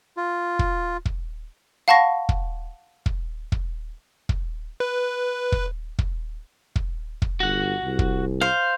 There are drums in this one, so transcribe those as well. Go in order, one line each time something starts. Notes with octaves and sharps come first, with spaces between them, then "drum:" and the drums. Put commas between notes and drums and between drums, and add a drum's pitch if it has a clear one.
F4
drum: kick
drum: kick
F5 F#5 A5 B5 C#6 A#6
drum: kick
drum: kick
drum: kick
drum: kick
B4
drum: kick
drum: kick
drum: kick
drum: kick
G1 F#4 F#5
C2
drum: kick
C5 F5